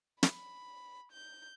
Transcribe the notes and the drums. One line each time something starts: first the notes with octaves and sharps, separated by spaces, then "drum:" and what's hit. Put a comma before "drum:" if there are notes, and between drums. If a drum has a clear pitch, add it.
B5, drum: snare
G6